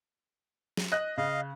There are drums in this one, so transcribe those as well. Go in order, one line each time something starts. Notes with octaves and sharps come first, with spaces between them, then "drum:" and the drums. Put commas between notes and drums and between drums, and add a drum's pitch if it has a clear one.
drum: snare
D#5 F#6
C#3 D#5 F5